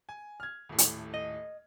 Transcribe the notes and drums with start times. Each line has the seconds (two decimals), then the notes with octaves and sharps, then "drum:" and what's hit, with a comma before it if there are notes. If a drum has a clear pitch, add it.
0.09 G#5
0.40 F6 G#6
0.69 D#1 A2
0.78 drum: hi-hat
1.14 D#5